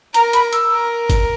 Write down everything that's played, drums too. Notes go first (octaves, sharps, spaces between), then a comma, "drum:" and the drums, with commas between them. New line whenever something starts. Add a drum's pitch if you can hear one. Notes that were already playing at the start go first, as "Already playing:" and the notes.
A#4 A#5, drum: hi-hat
B5, drum: hi-hat
E6, drum: hi-hat
A#4
drum: kick G1, hi-hat